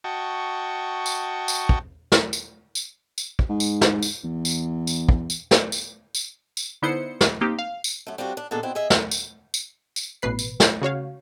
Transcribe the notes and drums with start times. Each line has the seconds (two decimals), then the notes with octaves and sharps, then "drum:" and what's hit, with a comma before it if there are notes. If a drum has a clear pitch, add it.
0.04 F#4 D#5 G5 A5 C#6
1.06 drum: tambourine
1.48 drum: tambourine
1.69 drum: kick
2.12 drum: snare
2.33 drum: tambourine
2.75 drum: tambourine
3.18 drum: tambourine
3.39 drum: kick
3.49 G#2
3.60 drum: tambourine
3.81 drum: snare
4.03 drum: tambourine
4.24 E2
4.45 drum: tambourine
4.87 drum: tambourine
5.09 drum: kick
5.30 drum: tambourine
5.51 drum: snare
5.72 drum: tambourine
6.15 drum: tambourine
6.57 drum: tambourine
6.82 D3 B3 D#4 E4 C5 C#7
7.21 drum: snare
7.41 A#3 C4 D#4 G4
7.59 F5
7.84 drum: tambourine
8.07 F#2 A3
8.18 G3 C4 D4 F4 F#4
8.37 D4
8.51 A#2 D#3 B3 D4 G#4 A4
8.63 B2 D3 C4 E4 F#4
8.75 G#4 D#5 E5
8.90 drum: snare
9.11 drum: tambourine
9.54 drum: tambourine
9.96 drum: tambourine
10.22 A1 B2 B4 C7
10.39 drum: tambourine
10.60 drum: snare
10.82 C#3 F#4 C#5 F5